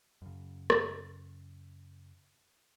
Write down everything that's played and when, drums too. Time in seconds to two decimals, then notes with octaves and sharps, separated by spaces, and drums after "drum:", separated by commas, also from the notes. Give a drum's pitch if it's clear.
0.22 F#2 C#3
0.70 drum: rim click